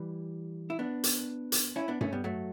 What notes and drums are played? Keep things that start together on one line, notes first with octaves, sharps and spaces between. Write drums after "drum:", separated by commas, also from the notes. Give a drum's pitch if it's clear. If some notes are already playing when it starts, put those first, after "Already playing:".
Already playing: E3 G3
E4
B3 D4
drum: hi-hat
drum: hi-hat
C#4 E4
B3 D4
A3 C#4, drum: tom G2
G3 B3
F#3 A3